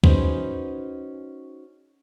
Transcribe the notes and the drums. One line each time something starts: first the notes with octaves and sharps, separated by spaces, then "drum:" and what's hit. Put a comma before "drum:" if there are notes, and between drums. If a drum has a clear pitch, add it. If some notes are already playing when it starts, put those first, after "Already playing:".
C#4 D#4 F#4 G#4 B4 C5, drum: kick